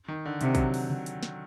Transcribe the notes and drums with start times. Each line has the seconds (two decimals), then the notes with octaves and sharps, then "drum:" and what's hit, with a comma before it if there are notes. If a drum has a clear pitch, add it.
0.08 D#3
0.26 D3
0.41 C3 D#3, drum: hi-hat
0.55 F#3, drum: kick A#1, hi-hat
0.74 drum: open hi-hat
0.90 drum: tom C3
1.06 drum: hi-hat
1.23 drum: snare